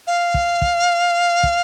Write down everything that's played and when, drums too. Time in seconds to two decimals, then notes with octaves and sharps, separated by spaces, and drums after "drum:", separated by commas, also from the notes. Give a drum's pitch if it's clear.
0.07 F5
0.34 drum: kick
0.62 drum: kick
1.43 drum: kick